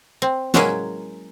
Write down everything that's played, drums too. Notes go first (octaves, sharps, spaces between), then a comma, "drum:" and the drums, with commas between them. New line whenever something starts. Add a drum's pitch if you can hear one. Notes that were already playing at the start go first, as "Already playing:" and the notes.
C4
F#3 G#3 A#3 C#4 E4 G#4, drum: snare